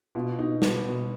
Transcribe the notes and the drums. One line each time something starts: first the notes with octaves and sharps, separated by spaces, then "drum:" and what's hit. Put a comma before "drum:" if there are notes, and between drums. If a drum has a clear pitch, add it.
B2 F4
B2 D#4
B2 B3, drum: snare
B2